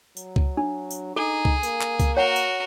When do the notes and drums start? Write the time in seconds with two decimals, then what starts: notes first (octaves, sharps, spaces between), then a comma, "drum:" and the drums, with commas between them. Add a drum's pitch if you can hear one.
0.17 F#3, drum: tambourine
0.36 drum: kick C#2
0.57 D4
0.91 drum: tambourine
1.16 D#4 G#4 A4
1.45 drum: kick C#2
1.63 A#3, drum: tambourine
1.81 drum: clap
2.00 drum: kick C#2, tambourine
2.17 F#4 A#4 C#5 F#5
2.36 drum: tambourine